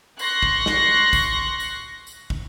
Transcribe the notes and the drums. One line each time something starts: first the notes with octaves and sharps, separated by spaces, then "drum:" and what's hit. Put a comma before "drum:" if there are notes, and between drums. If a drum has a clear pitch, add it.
C6 C#6 F#6 A#6 C#7, drum: tambourine
drum: kick
drum: snare
drum: kick, tambourine
drum: tambourine
drum: tambourine
drum: kick